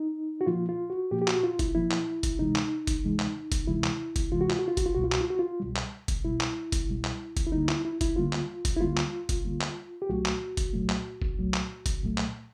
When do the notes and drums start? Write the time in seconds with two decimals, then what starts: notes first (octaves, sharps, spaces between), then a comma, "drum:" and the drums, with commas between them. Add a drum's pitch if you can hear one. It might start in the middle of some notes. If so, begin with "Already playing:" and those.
Already playing: D#4
0.41 F#4
0.47 A#2 F3 A#3 F4
0.69 F4
0.90 F#4
1.11 A#2 F3 A#3 G4
1.22 G4
1.27 F#4, drum: clap
1.43 F4
1.59 E4, drum: kick F#1, hi-hat
1.75 A#2 F3 A#3 E4
1.91 drum: clap
2.23 drum: kick F#1, hi-hat
2.39 D2 C3 E3 G#3 D#4
2.55 drum: clap
2.87 drum: kick F#1, hi-hat
3.04 D2 C3 E3 G#3
3.19 drum: clap
3.52 drum: kick F#1, hi-hat
3.67 D2 C3 E3 G#3 E4
3.84 drum: clap
4.16 drum: kick F#1, hi-hat
4.31 D2 C3 E3 G#3 F4
4.41 F#4
4.50 F4, drum: clap
4.59 F#4
4.68 F4
4.77 F#4, drum: kick F#1, hi-hat
4.86 F4
4.95 C2 B2 G3 F#4
5.04 F4
5.12 F#4, drum: clap
5.21 F4
5.30 F#4
5.39 F4
5.60 C2 B2 G3
5.76 drum: clap
6.08 drum: kick F#1, hi-hat
6.24 C2 B2 G3 E4
6.40 drum: clap
6.72 drum: kick F#1, hi-hat
6.88 C2 B2 G3
7.04 drum: clap
7.37 drum: kick F#1, hi-hat
7.47 E4
7.52 D2 D3 G3 A#3 D#4
7.68 E4, drum: clap
7.85 E4
8.01 E4, drum: kick F#1, hi-hat
8.16 D2 D3 G3 A#3 F4
8.33 drum: clap
8.65 drum: kick F#1, hi-hat
8.77 E4
8.81 D2 D3 G3 A#3 F4
8.97 drum: clap
9.29 drum: kick F#1, hi-hat
9.45 D2 D3 G3 A#3
9.61 drum: clap
10.02 G4
10.09 C2 A#2 F#3 A3 F#4
10.25 drum: clap
10.57 drum: kick F#1, hi-hat
10.73 C2 A#2 F#3 A3
10.89 drum: clap
11.22 drum: kick F#1
11.37 C2 A#2 F#3 A3
11.54 drum: clap
11.86 drum: kick F#1, hi-hat
12.01 C2 A#2 F#3 A3
12.18 drum: clap